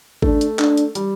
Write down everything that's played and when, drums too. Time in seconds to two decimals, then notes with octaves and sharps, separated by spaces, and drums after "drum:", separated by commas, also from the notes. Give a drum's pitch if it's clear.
0.22 A3 D4, drum: kick G#1
0.41 drum: hi-hat
0.59 D4, drum: clap
0.77 drum: hi-hat
0.95 G3, drum: hi-hat